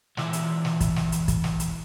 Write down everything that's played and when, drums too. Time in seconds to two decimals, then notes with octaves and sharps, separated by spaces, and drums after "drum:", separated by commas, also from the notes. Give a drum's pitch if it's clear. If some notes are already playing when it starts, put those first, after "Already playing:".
0.17 E3 G#3 F4 D5 E5, drum: snare
0.33 drum: hi-hat
0.65 drum: snare
0.80 drum: kick, hi-hat
0.96 drum: snare
1.12 drum: hi-hat
1.28 drum: kick, hi-hat
1.44 drum: snare
1.60 drum: hi-hat